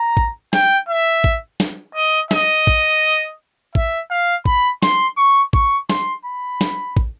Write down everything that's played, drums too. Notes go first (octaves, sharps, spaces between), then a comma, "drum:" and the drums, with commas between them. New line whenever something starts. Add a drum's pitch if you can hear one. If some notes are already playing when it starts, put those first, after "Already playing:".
Already playing: A#5
drum: kick
G5, drum: snare
E5
drum: kick
drum: snare
D#5
D#5, drum: snare
drum: kick
E5, drum: kick
F5
B5, drum: kick
C6, drum: snare
C#6
C#6, drum: kick
C6, drum: snare
B5
drum: snare
drum: kick